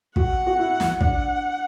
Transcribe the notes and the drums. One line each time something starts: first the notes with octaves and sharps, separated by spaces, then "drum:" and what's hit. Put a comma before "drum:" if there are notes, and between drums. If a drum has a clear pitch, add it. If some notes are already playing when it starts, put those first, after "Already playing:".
F#4 F#5, drum: kick
F#4
E4
drum: snare
D4 F#5, drum: kick